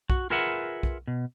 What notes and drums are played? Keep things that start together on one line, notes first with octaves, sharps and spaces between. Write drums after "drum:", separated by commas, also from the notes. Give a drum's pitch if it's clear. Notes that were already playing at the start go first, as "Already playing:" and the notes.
F#4, drum: kick B1
F4 G#4 A#4 B4 E5 F#5
drum: kick B1
B2